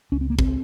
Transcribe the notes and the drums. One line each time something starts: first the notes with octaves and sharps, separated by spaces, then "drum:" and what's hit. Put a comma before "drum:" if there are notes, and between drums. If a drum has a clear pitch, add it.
C#2 C#4
C4
A#3
C4, drum: kick